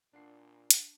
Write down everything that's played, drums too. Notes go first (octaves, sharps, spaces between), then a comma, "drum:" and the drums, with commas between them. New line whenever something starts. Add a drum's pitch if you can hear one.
A#2 D4 F#5 C7
drum: hi-hat